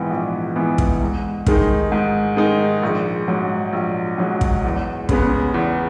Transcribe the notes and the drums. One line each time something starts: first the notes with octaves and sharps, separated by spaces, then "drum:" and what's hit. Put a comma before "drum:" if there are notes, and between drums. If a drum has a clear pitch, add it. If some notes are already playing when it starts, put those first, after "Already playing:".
Already playing: A#1 G#2 E3 B3
A#1
G#2 E3 B3
drum: kick
G#2
D#3 G#3 D#4, drum: kick
G#2
D#3 G#3 D#4
A#1
G#2 F#3
A#1
G#2 F#3
drum: kick
E2
C#3 G#3 B3, drum: kick
E2